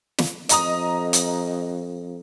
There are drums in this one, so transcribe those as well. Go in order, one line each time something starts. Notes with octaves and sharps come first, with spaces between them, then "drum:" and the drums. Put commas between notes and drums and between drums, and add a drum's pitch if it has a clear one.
drum: snare
F2 D#5 A#5 D#6, drum: hi-hat
drum: hi-hat